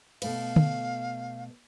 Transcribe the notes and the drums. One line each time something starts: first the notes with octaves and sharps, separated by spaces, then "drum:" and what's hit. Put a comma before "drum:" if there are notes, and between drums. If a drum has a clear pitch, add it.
B2 A3 B4 F5, drum: cymbal
drum: tom D3